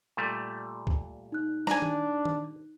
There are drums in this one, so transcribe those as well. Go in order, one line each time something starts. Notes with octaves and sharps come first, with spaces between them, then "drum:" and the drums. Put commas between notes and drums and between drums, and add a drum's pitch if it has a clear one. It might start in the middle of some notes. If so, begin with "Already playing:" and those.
A#2 G3 A3
drum: kick C#2
D#4 F#6
D4 G#5 A#5, drum: snare
drum: tom D#3
drum: tom D#3